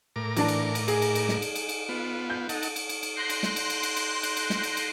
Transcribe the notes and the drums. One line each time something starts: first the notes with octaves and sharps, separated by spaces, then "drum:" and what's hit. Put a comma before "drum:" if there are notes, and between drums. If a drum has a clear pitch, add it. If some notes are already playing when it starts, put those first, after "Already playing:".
A2 A#4 D6
E3 D4 A5, drum: cymbal
drum: cymbal
drum: cymbal
G#4, drum: cymbal
drum: cymbal
drum: cymbal
drum: snare
drum: cymbal
drum: cymbal
drum: cymbal
B3 F4
G6
D#4 A4 F#5, drum: cymbal
drum: cymbal
drum: cymbal
drum: cymbal
drum: cymbal
C6 F#6 G6 A#6 C7
drum: cymbal
drum: snare
drum: cymbal
drum: cymbal
drum: cymbal
drum: cymbal
drum: cymbal
drum: cymbal
drum: snare
drum: cymbal
drum: cymbal